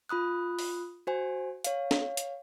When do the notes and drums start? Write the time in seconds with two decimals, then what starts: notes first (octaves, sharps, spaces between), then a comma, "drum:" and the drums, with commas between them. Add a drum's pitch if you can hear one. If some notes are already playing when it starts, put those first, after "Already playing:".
0.09 F4 B5 D#6 F#6
0.59 drum: open hi-hat
1.07 F#4 C5 G#5
1.64 C#5 F5, drum: hi-hat
1.91 drum: snare
2.17 drum: hi-hat